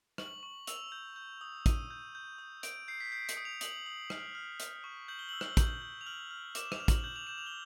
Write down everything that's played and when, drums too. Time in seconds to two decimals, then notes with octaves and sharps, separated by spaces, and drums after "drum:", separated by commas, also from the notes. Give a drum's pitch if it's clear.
0.18 C#6 F#7, drum: rim click
0.43 C#6
0.67 E6 F7, drum: hi-hat
0.92 G6
1.16 G6
1.41 D#6
1.66 D#6 D#7, drum: kick, hi-hat
1.90 G6
2.15 G6
2.38 D#6
2.63 G6 D7, drum: hi-hat
2.88 G6 C7
3.00 B6
3.12 G6 C7
3.29 C#7, drum: hi-hat
3.37 D#6
3.45 F7
3.61 D#6 F#7, drum: hi-hat
3.86 D#6
4.10 F6, drum: rim click
4.35 F6
4.60 F6, drum: hi-hat
4.84 C#6
5.08 G6 F#7
5.19 G7
5.29 E6 F#7
5.41 drum: rim click
5.57 G6, drum: kick, hi-hat
5.82 G6
6.01 F7
6.06 F6 F#7
6.31 F6
6.55 D6 E7, drum: hi-hat
6.72 F7, drum: rim click
6.80 F6
6.88 F#7, drum: kick, hi-hat
7.04 G6 F#7
7.16 F7
7.27 G6 E7
7.38 F7
7.46 G7